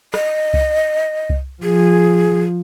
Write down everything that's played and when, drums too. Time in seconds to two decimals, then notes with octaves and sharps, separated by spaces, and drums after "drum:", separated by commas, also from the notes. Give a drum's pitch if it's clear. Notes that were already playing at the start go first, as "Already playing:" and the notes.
0.14 D#5, drum: rim click
0.54 drum: kick C2
1.30 drum: kick C2
1.63 F3 G#4